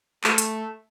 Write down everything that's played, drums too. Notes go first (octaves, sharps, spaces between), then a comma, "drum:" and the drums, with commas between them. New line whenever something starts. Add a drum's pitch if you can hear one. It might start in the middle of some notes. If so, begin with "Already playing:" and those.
A3, drum: clap
drum: hi-hat